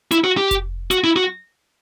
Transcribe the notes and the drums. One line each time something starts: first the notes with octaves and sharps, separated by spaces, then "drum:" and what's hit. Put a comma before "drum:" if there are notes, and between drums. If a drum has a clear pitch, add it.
E4, drum: hi-hat
F#4
G4
drum: kick F1, hi-hat
F#4, drum: hi-hat
E4
F#4